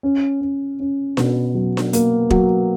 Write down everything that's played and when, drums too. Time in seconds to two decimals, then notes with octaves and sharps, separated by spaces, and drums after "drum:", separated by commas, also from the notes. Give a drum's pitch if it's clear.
0.03 C#4
0.41 C#4
0.80 C#4
1.17 B2, drum: snare D4
1.55 F#3
1.77 drum: snare D4
1.93 A#3, drum: hi-hat
2.30 F#3, drum: kick